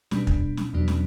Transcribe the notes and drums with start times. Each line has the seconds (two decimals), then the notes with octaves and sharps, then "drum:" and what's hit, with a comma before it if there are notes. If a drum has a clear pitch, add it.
0.11 B2 G3 B3 D4, drum: snare
0.27 drum: kick
0.57 drum: snare
0.73 E2 B2 F#3 B3 D4
0.88 drum: snare